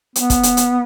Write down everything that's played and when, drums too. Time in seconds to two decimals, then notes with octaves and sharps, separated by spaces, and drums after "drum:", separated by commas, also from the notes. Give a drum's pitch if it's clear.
0.16 B3, drum: hi-hat
0.30 drum: kick, hi-hat
0.43 drum: hi-hat
0.57 drum: hi-hat